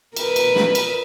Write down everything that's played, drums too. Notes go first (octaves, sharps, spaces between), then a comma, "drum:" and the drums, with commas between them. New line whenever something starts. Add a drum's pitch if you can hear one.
A#4 B4, drum: cymbal
drum: cymbal
drum: snare
drum: cymbal